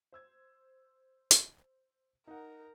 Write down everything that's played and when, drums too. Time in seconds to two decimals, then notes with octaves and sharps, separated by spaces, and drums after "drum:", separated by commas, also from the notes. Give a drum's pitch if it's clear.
0.12 C5 E6 G#6
1.31 drum: hi-hat
2.27 D#4 A#4 F#5